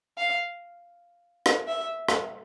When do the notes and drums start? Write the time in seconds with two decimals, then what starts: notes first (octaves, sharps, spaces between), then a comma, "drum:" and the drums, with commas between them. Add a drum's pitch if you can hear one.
0.18 F5
1.46 drum: rim click
1.68 E5
2.09 drum: rim click